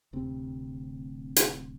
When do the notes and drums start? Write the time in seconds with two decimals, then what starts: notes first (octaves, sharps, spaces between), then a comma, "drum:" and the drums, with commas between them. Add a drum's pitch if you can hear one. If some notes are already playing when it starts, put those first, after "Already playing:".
0.13 D1 D2 C3 C4
1.36 drum: hi-hat